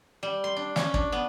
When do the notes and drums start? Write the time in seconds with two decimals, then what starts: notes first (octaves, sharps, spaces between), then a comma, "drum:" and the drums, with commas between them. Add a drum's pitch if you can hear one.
0.23 G3
0.44 C6
0.57 D4
0.76 C#4, drum: snare
0.94 D4, drum: kick
1.12 B3